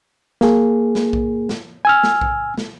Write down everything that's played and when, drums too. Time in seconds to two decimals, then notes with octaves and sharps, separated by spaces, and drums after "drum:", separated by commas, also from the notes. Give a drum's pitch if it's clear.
0.41 A#3 G#4, drum: snare
0.95 drum: snare
1.13 drum: kick A#1
1.49 drum: snare
1.85 G#5 E6 F6
2.03 drum: snare
2.21 drum: kick A#1
2.58 drum: snare